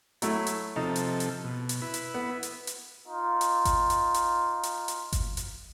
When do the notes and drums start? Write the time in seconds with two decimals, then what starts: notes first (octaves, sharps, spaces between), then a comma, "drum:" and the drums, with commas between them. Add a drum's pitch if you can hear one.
0.22 F#3 A3 E4, drum: hi-hat
0.47 drum: hi-hat
0.76 C3 F3 D#4 A4
0.96 drum: hi-hat
1.20 drum: hi-hat
1.44 B2
1.69 drum: hi-hat
1.82 E4 B4
1.94 drum: hi-hat
2.14 B3
2.43 drum: hi-hat
2.67 drum: hi-hat
3.08 D#4 F4
3.41 drum: hi-hat
3.65 drum: kick G1, hi-hat
3.90 drum: hi-hat
4.14 drum: hi-hat
4.63 drum: hi-hat
4.88 drum: hi-hat
5.12 drum: kick G1, hi-hat
5.37 drum: hi-hat